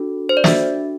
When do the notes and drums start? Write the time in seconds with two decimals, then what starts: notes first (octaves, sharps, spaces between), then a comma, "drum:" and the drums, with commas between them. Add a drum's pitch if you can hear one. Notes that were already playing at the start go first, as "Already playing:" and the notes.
Already playing: D4 F#4 A4
0.29 C5
0.37 D5
0.44 D4 F#4 A4 E5, drum: snare